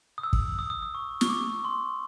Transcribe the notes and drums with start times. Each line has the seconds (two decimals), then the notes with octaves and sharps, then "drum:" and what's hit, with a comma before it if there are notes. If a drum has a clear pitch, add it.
0.18 D#6
0.23 E6
0.33 drum: kick
0.59 D#6
0.70 D#6
0.82 D#6
0.95 C#6
1.21 C#6, drum: snare
1.29 D6
1.65 C6